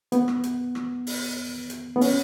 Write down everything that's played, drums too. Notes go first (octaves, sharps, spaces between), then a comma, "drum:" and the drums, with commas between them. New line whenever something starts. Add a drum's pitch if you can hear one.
B3, drum: hi-hat
drum: rim click
drum: hi-hat
drum: rim click
drum: open hi-hat
drum: hi-hat
B3
C#4, drum: open hi-hat